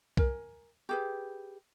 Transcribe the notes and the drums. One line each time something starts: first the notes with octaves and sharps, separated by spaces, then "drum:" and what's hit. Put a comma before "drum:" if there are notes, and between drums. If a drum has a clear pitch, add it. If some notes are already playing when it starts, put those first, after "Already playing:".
A#4 G#5, drum: kick B1
G4 G#4 B4